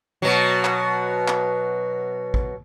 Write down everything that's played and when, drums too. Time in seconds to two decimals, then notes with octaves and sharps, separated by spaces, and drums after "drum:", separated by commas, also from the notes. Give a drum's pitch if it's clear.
0.22 B2 F#3
0.65 drum: clap
1.28 drum: clap
2.34 drum: kick A1